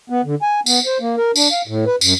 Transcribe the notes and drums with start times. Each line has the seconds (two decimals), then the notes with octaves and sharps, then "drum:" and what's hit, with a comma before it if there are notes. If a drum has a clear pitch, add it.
0.10 B3
0.24 D3
0.42 G#5
0.66 B3, drum: tambourine
0.86 C5
1.00 A#3
1.17 A#4
1.36 D4, drum: tambourine
1.52 F5
1.67 A2
1.86 B4
2.01 F#2, drum: tambourine